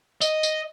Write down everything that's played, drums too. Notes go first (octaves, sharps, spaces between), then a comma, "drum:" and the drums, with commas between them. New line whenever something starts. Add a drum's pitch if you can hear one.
D#5, drum: tambourine
drum: tambourine